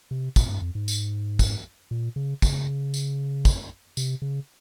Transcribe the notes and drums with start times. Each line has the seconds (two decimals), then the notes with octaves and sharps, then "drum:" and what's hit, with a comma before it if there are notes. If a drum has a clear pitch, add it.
0.11 C3
0.36 A#2, drum: kick, tambourine
0.49 G2
0.62 F2
0.75 G#2
0.88 drum: tambourine
1.39 drum: kick, tambourine
1.91 A#2
2.16 C#3
2.42 C#3, drum: kick, tambourine
2.94 drum: tambourine
3.45 drum: kick, tambourine
3.97 C3, drum: tambourine
4.22 C#3